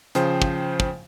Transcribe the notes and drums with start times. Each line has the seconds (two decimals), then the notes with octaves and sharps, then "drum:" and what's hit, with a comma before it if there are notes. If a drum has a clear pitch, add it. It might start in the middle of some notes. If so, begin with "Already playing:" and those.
0.15 C#3 F3 C5 G5, drum: hi-hat
0.42 drum: kick
0.80 drum: kick